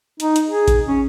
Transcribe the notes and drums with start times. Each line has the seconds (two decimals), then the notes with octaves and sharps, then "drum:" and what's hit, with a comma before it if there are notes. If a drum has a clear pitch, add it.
0.20 D#4, drum: hi-hat
0.36 drum: hi-hat
0.48 G#4
0.68 drum: kick A1, hi-hat
0.87 C#4